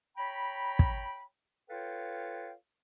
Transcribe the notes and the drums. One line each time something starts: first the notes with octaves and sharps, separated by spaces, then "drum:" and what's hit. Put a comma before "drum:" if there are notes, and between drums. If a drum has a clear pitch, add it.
C#5 G5 A#5 B5
drum: kick
F4 A4 B4 C#5 F5 G5